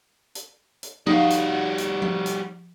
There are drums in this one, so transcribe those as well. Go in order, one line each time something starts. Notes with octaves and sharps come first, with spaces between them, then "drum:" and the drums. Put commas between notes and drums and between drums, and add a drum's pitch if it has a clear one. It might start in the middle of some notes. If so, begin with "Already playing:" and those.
drum: hi-hat
drum: hi-hat
G3 D#4 F#4 F5, drum: tom F3
drum: hi-hat
drum: hi-hat
drum: tom F3
drum: hi-hat